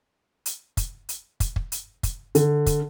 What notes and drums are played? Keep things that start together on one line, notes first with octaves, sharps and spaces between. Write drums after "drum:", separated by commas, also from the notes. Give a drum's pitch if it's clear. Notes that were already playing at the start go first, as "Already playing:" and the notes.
drum: hi-hat
drum: kick, hi-hat
drum: hi-hat
drum: kick, hi-hat
drum: kick
drum: hi-hat
drum: kick, hi-hat
D3, drum: hi-hat
drum: kick, hi-hat